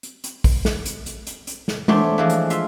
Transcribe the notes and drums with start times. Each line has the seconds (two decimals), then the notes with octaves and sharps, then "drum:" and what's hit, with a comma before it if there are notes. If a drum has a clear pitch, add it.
0.03 drum: hi-hat
0.24 drum: hi-hat
0.44 drum: kick, open hi-hat
0.65 drum: snare
0.86 drum: hi-hat
1.06 drum: hi-hat
1.27 drum: hi-hat
1.47 drum: hi-hat
1.68 drum: snare
1.88 E2 A3 D4 C5 C#5 C6, drum: tom G#3
2.18 E3 F3 G#3
2.30 drum: hi-hat
2.50 F4 E5 F5, drum: hi-hat